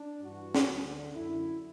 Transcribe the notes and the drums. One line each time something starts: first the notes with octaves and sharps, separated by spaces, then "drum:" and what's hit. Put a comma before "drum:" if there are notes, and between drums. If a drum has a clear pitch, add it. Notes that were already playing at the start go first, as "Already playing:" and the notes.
Already playing: D4
G2 E3 F#4
drum: snare
D2 D3
F#2 D3 E4